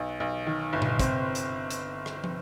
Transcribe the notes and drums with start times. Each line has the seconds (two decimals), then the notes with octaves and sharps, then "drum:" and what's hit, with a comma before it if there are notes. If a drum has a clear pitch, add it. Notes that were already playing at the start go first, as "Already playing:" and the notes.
Already playing: B1
0.20 B1
0.47 D#3
0.73 G1
0.82 drum: tom A#2
0.99 C4, drum: kick, hi-hat
1.35 drum: hi-hat
1.71 drum: hi-hat
2.06 drum: rim click
2.24 drum: tom